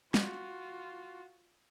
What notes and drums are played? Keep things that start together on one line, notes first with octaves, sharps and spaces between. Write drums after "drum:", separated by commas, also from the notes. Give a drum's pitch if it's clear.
F4 F#4, drum: snare